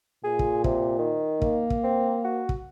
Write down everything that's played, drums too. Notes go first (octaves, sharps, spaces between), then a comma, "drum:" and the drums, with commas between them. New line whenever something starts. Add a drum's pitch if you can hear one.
A#2 G#4
drum: kick
C3, drum: kick
D#3
A#3, drum: kick
drum: kick
C4
F#4
drum: kick